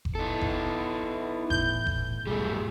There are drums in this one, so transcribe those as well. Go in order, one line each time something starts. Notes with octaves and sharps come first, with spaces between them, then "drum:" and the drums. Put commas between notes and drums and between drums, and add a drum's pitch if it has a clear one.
drum: kick F#1
B3 D#4 E4 A4
drum: kick F#1
A2 E3 G6, drum: kick F#1
drum: kick F#1
B1 E2 G#2 G3 A3 F4 G#4